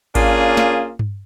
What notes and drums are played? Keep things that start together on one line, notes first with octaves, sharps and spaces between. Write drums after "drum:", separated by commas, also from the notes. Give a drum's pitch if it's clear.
A#3 C#4 D4 F4 G#4, drum: kick G#1, cymbal
drum: snare
drum: tom G2